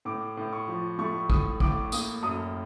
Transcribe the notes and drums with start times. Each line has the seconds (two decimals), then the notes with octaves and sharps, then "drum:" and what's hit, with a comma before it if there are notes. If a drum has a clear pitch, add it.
0.05 A2 D6
0.37 A2
0.53 C#6
0.68 F3
0.98 A3 C#6
1.30 A2 D#6, drum: kick
1.60 A2 D6, drum: kick
1.92 A#3 D#6, drum: tambourine
2.22 F#2 D#6